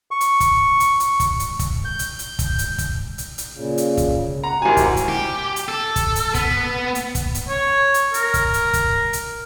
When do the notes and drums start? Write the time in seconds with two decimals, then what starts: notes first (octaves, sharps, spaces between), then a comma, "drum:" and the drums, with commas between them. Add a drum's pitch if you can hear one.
0.11 C#6
0.21 drum: hi-hat
0.40 drum: kick, hi-hat
0.80 drum: hi-hat
1.00 drum: hi-hat
1.20 drum: kick, hi-hat
1.40 drum: hi-hat
1.59 drum: kick, hi-hat
1.85 G6
1.99 drum: hi-hat
2.19 drum: hi-hat
2.39 drum: kick, hi-hat
2.59 drum: hi-hat
2.78 drum: kick, hi-hat
3.18 drum: hi-hat
3.38 drum: hi-hat
3.53 A#2 C#3
3.78 drum: hi-hat
3.97 drum: kick, hi-hat
4.44 F#5 A#5
4.62 G#1 E4 F#4 G4 G#5
4.77 drum: kick, hi-hat
4.97 drum: hi-hat
5.09 G4
5.56 drum: hi-hat
5.68 A4
5.96 drum: kick, hi-hat
6.16 drum: hi-hat
6.34 B3, drum: kick, hi-hat
6.95 drum: hi-hat
7.15 drum: kick, hi-hat
7.35 drum: hi-hat
7.49 C#5
7.94 drum: hi-hat
8.14 A#4, drum: hi-hat
8.34 drum: kick, hi-hat
8.54 drum: hi-hat
8.73 drum: kick, hi-hat
9.13 drum: hi-hat